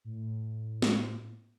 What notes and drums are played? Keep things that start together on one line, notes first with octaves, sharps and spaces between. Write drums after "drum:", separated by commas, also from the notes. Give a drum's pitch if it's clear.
A2
drum: snare